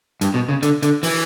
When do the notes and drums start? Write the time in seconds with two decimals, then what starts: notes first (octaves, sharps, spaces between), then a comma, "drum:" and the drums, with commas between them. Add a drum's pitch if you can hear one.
0.21 G2, drum: hi-hat
0.34 B2
0.49 C#3
0.63 D3, drum: hi-hat
0.82 D3, drum: hi-hat
1.03 E3, drum: open hi-hat